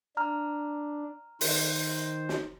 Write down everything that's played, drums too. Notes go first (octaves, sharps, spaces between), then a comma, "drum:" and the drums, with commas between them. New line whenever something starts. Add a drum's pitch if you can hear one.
D4 A#5 F6
D#3 C5, drum: open hi-hat
drum: snare